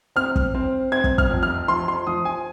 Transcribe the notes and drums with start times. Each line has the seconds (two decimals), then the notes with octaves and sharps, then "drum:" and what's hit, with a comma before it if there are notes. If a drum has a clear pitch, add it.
0.16 C4 F6
0.36 drum: kick
0.55 C4
0.92 C4 G#6
1.04 drum: kick
1.18 F6, drum: kick
1.31 F2
1.43 F6
1.68 F3 C6
1.88 C6
2.07 F3 D#6
2.25 G#5